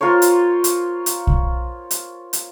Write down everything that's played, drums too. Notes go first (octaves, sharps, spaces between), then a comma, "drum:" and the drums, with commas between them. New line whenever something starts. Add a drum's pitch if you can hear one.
F4 A#4 C5 C#5
drum: hi-hat
drum: hi-hat
drum: hi-hat
drum: kick
drum: hi-hat
drum: hi-hat